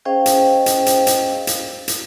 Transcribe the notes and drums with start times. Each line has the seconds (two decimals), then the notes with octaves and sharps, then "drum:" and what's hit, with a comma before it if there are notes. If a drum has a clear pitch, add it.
0.05 C#4 G#4 C5 D#5 F5 G5
0.26 drum: hi-hat
0.66 drum: hi-hat
0.86 drum: hi-hat
1.07 drum: hi-hat
1.47 drum: hi-hat
1.88 drum: hi-hat